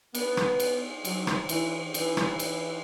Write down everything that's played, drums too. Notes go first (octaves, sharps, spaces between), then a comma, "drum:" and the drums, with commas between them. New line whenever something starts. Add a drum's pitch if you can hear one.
B3, drum: cymbal
drum: rim click
drum: cymbal
F#3, drum: cymbal
drum: rim click
E3, drum: cymbal
E3, drum: cymbal
drum: rim click
drum: cymbal